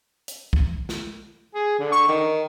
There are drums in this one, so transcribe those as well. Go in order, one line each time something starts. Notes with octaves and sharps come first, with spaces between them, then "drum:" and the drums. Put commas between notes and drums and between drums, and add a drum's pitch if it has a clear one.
drum: hi-hat
drum: kick B1
drum: snare
G#4
D3
C#6
D#3